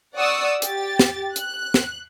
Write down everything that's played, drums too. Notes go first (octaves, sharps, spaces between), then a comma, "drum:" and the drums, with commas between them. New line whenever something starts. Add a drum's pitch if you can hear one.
D5 F#5 C#6 D#6 E6
G4 A6, drum: hi-hat
drum: snare
F#6, drum: hi-hat
drum: snare